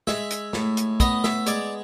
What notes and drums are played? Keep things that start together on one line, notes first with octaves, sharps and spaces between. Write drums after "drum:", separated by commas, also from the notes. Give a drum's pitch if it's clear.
G#3 E5, drum: snare
drum: hi-hat
A2, drum: snare
drum: hi-hat
B3 D#5, drum: kick, hi-hat
E5, drum: snare
G#3 D5, drum: hi-hat